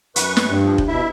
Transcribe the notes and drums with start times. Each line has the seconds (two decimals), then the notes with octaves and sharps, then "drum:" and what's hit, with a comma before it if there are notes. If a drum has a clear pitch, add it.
0.16 F#2 B4 C#6, drum: hi-hat
0.37 drum: snare
0.47 G2
0.62 F3
0.78 drum: kick F1
0.88 B2 E4 E5